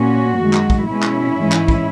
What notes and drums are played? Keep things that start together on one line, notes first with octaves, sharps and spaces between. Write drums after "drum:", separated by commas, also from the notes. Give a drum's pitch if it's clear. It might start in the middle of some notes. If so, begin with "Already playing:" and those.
Already playing: A#2 A#3 C#4 F#4
F#2 D#3 G#3
drum: clap
drum: kick
B2 G#3 C#4 E4
drum: clap
G#2 E3 G#3 C#4
drum: clap
drum: kick